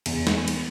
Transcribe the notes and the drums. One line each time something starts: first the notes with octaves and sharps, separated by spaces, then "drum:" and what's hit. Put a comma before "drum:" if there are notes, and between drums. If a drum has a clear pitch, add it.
E2, drum: cymbal
drum: snare
drum: cymbal